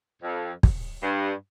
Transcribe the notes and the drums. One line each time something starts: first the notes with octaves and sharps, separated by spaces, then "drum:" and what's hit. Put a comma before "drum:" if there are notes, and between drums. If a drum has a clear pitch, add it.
F2
drum: kick
G2